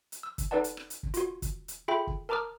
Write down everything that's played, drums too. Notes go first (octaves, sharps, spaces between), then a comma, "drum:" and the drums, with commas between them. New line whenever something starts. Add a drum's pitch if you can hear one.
drum: hi-hat
E6
drum: kick, hi-hat
D#4 A4 B4 D5 F#5 A5
drum: hi-hat
drum: rim click
drum: hi-hat
drum: kick
F4 F#4, drum: hi-hat
drum: kick, hi-hat
drum: hi-hat
F4 G#4 A4 E5 G5 B5
drum: kick
A#4 A5 A#5 D6 D#6 F6